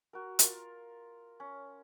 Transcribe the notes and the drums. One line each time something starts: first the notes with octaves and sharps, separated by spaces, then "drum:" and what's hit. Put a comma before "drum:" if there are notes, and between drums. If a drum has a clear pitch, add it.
F#4 A#4
F4 A#4, drum: hi-hat
C#4